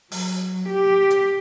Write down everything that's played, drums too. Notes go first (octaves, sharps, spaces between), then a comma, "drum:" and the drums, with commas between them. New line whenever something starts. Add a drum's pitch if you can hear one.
F#3, drum: open hi-hat
G4
drum: hi-hat